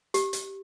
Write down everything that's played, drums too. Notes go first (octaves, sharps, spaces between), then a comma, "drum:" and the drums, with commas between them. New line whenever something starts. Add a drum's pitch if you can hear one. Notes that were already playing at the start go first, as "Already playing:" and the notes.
G4, drum: hi-hat
drum: hi-hat